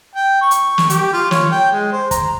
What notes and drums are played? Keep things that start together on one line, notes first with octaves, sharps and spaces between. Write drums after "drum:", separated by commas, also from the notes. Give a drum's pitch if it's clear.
G5
C#6
drum: hi-hat
drum: snare
G4, drum: hi-hat
F4
C#5, drum: snare
G5
G#3
C5
A#5, drum: kick, hi-hat